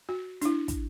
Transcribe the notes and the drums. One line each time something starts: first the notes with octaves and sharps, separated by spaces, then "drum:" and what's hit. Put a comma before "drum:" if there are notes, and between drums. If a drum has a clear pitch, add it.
F#4
D4 E4, drum: hi-hat
drum: kick, hi-hat